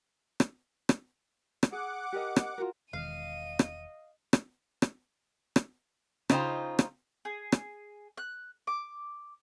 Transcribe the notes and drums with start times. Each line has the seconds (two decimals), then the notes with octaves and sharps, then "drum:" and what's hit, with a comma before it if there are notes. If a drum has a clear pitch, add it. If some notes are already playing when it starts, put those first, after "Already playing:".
0.40 drum: rim click
0.89 drum: rim click
1.63 drum: rim click
1.72 G#4 F#5 D6
2.13 G4 A#4 D#5
2.36 drum: rim click
2.58 F4 F#4 A#4
2.93 E1 D#3 D#5 F5 D#7
3.59 drum: rim click
4.33 drum: rim click
4.82 drum: rim click
5.56 drum: rim click
6.29 C#3 D4 D#4 F4 C5 G5, drum: rim click
6.79 drum: rim click
7.25 G#4
7.52 drum: rim click
8.17 F#6
8.67 D6